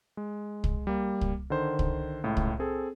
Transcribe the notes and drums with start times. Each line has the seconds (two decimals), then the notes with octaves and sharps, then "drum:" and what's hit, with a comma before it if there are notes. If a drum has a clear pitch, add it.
0.17 G#3
0.64 drum: kick
0.87 G3 A#3
1.21 drum: kick
1.50 D3 D#3 C5
1.79 drum: kick
2.23 C#2 A2
2.37 drum: kick
2.59 C4 G#4 A4